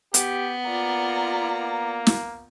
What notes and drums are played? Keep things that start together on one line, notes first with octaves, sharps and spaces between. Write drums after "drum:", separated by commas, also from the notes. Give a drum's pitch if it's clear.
B3 G4, drum: hi-hat
A#3 F4 D5 A#5
drum: snare